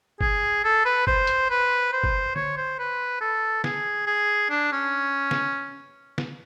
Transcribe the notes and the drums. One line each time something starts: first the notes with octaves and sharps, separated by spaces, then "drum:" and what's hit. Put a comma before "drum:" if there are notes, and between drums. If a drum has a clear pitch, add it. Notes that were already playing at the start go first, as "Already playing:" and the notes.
G#4, drum: kick G1
A4
B4
C5, drum: kick G1
drum: hi-hat
B4
C5
drum: kick G1
C#5, drum: tom D3
C5
B4
A4
G#4, drum: snare
G#4
D4
C#4
drum: snare
drum: snare